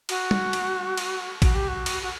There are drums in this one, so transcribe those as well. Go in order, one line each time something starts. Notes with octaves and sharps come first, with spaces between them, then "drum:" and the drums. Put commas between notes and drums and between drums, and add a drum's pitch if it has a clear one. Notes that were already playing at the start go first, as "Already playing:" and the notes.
F#4, drum: cymbal
drum: tom
drum: cymbal
drum: cymbal
F#4, drum: kick, cymbal
G4
F#4
drum: cymbal
F#4